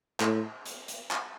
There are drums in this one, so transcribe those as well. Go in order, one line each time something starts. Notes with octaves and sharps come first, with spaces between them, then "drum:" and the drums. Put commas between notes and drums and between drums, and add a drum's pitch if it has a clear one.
A2, drum: clap
drum: hi-hat
drum: hi-hat
drum: clap